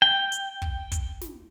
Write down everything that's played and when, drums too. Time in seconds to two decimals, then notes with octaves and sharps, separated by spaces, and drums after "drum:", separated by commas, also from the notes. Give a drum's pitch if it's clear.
0.02 G5
0.32 drum: hi-hat
0.62 drum: kick
0.92 drum: kick, hi-hat
1.21 drum: snare